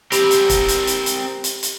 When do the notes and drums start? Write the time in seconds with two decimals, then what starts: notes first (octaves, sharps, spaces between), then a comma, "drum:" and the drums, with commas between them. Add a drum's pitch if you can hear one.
0.12 C4 G4 A#4 B5 F7, drum: hi-hat
0.31 drum: hi-hat
0.50 drum: kick, hi-hat
0.68 drum: hi-hat
0.87 drum: hi-hat
1.06 drum: hi-hat
1.44 drum: hi-hat
1.63 drum: hi-hat